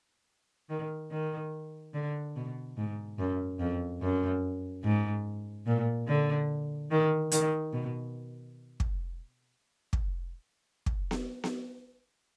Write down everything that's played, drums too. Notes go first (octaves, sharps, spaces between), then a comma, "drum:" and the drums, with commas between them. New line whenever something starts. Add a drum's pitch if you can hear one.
D#3
D#3
D3
B2
G#2
F#2
F2
F#2
G#2
A#2
D3
D#3
D#3, drum: hi-hat
B2
drum: kick
drum: kick
drum: kick
drum: snare B3
drum: snare B3